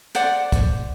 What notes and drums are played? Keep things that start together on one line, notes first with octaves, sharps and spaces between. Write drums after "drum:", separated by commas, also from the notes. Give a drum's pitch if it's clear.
C5 D5 F#5, drum: hi-hat
drum: kick, hi-hat